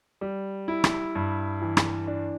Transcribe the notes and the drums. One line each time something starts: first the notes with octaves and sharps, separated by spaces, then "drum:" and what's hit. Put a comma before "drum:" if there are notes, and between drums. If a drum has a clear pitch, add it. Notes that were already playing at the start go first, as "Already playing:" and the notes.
G3
E4
drum: rim click
G2
E3
drum: rim click
D4